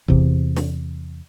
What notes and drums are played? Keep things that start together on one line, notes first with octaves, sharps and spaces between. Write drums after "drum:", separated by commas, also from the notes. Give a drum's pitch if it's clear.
E2 C3, drum: kick
drum: snare